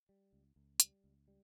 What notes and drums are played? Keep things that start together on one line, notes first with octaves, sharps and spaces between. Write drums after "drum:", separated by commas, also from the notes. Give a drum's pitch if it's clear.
G3
C#2
C#2
G3, drum: hi-hat
C#2
G3